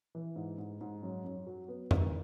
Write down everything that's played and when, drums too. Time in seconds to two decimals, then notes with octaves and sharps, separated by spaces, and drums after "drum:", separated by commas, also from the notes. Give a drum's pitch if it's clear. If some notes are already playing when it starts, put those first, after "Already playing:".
0.15 E3
0.36 G#2
0.58 G#2
0.81 G#2
1.03 F#2
1.24 F#2
1.47 F#3
1.68 B3
1.91 D#3, drum: tom F2